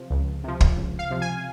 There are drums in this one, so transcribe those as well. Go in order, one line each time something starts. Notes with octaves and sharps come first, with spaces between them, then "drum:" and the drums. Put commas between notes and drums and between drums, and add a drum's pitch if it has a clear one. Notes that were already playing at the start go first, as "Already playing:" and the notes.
Already playing: C3 F3
C#2
C3 F3
drum: kick
C#2
F5
C3 F3
G#5